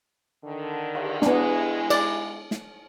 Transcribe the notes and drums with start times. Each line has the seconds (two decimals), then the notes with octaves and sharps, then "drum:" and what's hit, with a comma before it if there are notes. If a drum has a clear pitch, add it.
0.44 D3 D#3
0.95 drum: cymbal
1.22 G#3 B3 D4 E4, drum: snare
1.90 D5, drum: cymbal
2.51 drum: snare